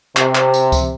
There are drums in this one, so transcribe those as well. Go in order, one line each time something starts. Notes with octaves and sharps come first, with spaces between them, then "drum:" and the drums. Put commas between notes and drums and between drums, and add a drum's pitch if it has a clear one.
C3, drum: clap
drum: clap
drum: tambourine
drum: kick C#2, tambourine